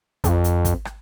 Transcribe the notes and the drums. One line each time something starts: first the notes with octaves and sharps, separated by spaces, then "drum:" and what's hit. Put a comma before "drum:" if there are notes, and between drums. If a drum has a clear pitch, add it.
F2, drum: kick, hi-hat
drum: hi-hat
drum: kick, hi-hat
drum: rim click